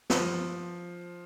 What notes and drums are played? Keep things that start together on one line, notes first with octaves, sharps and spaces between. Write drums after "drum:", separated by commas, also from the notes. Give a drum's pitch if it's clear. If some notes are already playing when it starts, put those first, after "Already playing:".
F3, drum: snare